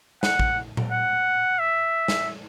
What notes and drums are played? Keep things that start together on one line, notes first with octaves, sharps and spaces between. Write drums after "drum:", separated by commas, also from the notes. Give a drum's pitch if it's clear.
F#5, drum: snare
drum: kick A1
drum: tom A#2
F#5
E5
drum: snare